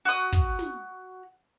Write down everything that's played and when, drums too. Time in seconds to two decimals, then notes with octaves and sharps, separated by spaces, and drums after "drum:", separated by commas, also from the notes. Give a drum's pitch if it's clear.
0.05 F#4 D#6
0.32 drum: kick
0.59 drum: snare